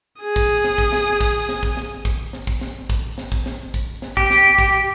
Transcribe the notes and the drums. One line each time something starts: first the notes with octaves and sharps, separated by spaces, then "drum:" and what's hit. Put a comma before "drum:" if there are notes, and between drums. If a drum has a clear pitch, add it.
G#4 D#6
drum: kick, hi-hat
drum: snare
drum: kick
drum: snare
drum: kick, hi-hat
drum: snare
drum: kick
drum: snare
drum: kick, hi-hat
drum: snare
drum: kick
drum: snare
drum: kick, hi-hat
drum: snare
drum: kick
drum: snare
drum: kick, hi-hat
drum: snare
G4, drum: kick
drum: snare
drum: kick, hi-hat